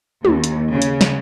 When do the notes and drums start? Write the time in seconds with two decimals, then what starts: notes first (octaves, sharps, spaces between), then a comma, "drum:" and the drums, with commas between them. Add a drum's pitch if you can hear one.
0.25 D#2, drum: tom
0.44 drum: hi-hat
0.72 C#3
0.82 drum: hi-hat
1.01 drum: snare